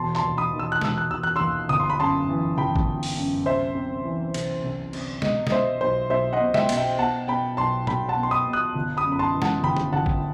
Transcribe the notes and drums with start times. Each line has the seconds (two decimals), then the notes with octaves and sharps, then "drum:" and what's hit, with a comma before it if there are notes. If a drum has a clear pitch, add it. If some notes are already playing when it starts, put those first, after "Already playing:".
Already playing: E1 A5 C6
0.15 A5 C6, drum: clap
0.23 D#2
0.37 B5 D#6
0.52 D#3
0.59 E6
0.72 F#6
0.82 E1 E6, drum: snare
0.98 F#6
1.10 E1 E6
1.23 F#6
1.36 D#2 C6 E6
1.69 G1 D#6
1.80 C6
1.90 B5
1.99 F#2 A5 C6
2.29 E3
2.58 G1 G5 B5
2.76 drum: kick
2.87 G1
3.03 drum: open hi-hat
3.17 F#2
3.46 C2 C5 E5
3.75 C3
4.05 E3
4.34 C2, drum: cymbal
4.64 C2
4.93 C3, drum: cymbal
5.22 B2 D#5, drum: snare
5.47 D#5, drum: snare
5.51 B2 C5 E5
5.81 B1 C5
6.10 B1 C5 E5
6.33 D#5 F#5
6.40 B2
6.54 E5 G5, drum: snare
6.69 B2, drum: cymbal
6.77 E5 G5
6.99 B2 F#5 A5
7.28 B2 G5 B5
7.57 B1 A5 C6
7.87 B1 G5 B5, drum: tom
8.09 F#5 A5
8.16 B2
8.23 C6
8.31 B5 D#6
8.46 B2
8.53 D#6 F#6
8.75 G1
8.97 B5 D#6
9.04 F#2
9.12 B5
9.19 A5 C6
9.34 E3
9.42 F#5 A5, drum: snare
9.63 G1 G5 B5
9.77 drum: tom D#3
9.93 G1 F#5 A5
10.06 drum: kick